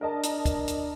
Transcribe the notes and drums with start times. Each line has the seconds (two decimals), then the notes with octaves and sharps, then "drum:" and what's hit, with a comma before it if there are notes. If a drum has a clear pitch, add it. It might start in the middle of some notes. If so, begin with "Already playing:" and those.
0.01 D4 A#4 D#5 A5
0.23 drum: hi-hat
0.45 drum: kick, hi-hat
0.68 drum: hi-hat